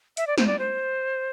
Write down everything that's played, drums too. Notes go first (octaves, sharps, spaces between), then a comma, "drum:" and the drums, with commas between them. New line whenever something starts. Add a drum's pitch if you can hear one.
E5, drum: hi-hat
D5
C5, drum: snare
D5
C5